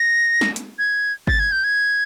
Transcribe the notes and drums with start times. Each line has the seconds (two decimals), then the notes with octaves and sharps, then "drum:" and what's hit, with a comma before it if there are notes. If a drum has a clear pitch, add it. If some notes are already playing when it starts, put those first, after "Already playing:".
Already playing: A#6
0.41 drum: snare
0.56 drum: hi-hat
0.79 G#6
1.27 A6, drum: kick G1
1.40 G#6
1.52 G6
1.64 G#6